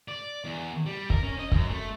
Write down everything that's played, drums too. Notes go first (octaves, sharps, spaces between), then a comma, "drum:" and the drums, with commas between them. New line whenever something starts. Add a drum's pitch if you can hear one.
D5
E2
G3
A#4, drum: kick
C#4
D#5
F#2, drum: kick
A3